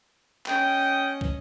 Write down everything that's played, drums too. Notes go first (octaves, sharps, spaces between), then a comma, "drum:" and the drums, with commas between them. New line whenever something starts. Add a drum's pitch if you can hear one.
C#4 D#5 G5, drum: clap
drum: kick